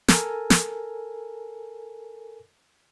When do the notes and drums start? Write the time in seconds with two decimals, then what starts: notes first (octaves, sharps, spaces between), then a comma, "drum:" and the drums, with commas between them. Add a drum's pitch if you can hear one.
0.08 A4 A#4 G#5, drum: snare
0.50 drum: snare